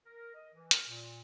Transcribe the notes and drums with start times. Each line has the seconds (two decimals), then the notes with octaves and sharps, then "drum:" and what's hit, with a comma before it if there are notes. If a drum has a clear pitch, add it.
0.05 A#4
0.34 D#5
0.54 E3
0.71 A#4, drum: hi-hat
0.87 A#2